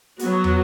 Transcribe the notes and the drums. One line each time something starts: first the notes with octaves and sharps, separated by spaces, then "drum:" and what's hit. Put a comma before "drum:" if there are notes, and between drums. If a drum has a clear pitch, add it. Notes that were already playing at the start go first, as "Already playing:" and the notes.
F#3 B3 F#4, drum: hi-hat
drum: tom